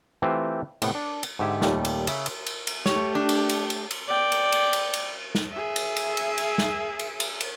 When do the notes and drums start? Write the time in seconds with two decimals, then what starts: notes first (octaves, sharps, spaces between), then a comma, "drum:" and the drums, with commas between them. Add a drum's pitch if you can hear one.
0.22 E3 A3 C4 F4 G4 C5
0.82 A2 C3 A3 B3, drum: cymbal
0.95 D4
1.23 drum: cymbal
1.39 G#2 D3 G4 E5 G#5
1.61 D#2 A#2 G3 A3, drum: snare
1.85 drum: cymbal
2.07 C#3 E5, drum: cymbal
2.26 drum: cymbal
2.46 drum: cymbal
2.67 drum: cymbal
2.86 A3 G4 C#5, drum: snare
3.15 D4
3.29 drum: cymbal
3.49 drum: cymbal
3.70 drum: cymbal
3.91 drum: cymbal
4.07 D5 G5
4.32 drum: cymbal
4.52 drum: cymbal
4.73 drum: cymbal
4.94 drum: cymbal
5.35 drum: snare
5.52 G#4 E5
5.76 drum: cymbal
5.96 drum: cymbal
6.17 drum: cymbal
6.38 drum: cymbal
6.58 drum: snare
6.99 drum: cymbal
7.20 drum: cymbal
7.41 drum: cymbal